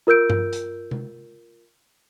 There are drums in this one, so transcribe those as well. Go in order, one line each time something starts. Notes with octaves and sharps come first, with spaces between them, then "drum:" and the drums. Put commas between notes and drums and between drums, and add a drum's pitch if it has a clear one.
F4 A#4 E6 G6 D7
drum: tom G2
drum: hi-hat
drum: tom C3